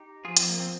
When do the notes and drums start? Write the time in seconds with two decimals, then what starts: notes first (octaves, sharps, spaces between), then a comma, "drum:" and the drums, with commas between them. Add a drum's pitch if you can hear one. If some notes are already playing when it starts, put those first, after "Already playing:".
Already playing: D#4 G4
0.25 F3 F4 G#4
0.37 C4, drum: hi-hat
0.49 A#3
0.60 C4